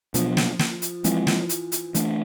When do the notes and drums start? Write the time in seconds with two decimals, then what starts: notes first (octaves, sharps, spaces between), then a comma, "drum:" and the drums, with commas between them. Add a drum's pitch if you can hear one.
0.14 B2 F3 F#3 B3 D4, drum: hi-hat
0.37 drum: snare
0.59 drum: snare
0.82 drum: hi-hat
1.04 E3 F3 G#3 C4, drum: hi-hat
1.27 drum: snare
1.49 drum: hi-hat
1.72 drum: hi-hat
1.95 E3 A3 D4, drum: hi-hat